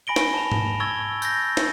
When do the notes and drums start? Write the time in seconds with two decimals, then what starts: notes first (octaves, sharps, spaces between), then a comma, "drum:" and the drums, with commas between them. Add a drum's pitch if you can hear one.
0.07 G#5 B5 A#6 D7 G7
0.16 drum: snare
0.34 A5 F7
0.52 drum: tom G#2
0.80 C#6 E6 G#6 A6 G7
1.22 G6 A6 A#6, drum: tambourine
1.57 drum: snare